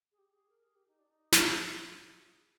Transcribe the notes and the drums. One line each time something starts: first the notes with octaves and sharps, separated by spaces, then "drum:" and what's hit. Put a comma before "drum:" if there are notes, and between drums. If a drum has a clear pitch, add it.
G#4
G4
G#4
A#4
G#4
G4
D#4
D4
D#4
C4, drum: snare
C4
D4
D#4
F4
G#4